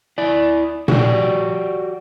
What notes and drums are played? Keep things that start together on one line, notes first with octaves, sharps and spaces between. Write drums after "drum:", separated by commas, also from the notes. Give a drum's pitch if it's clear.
E4 D5
F#4 G4 D5, drum: tom A#2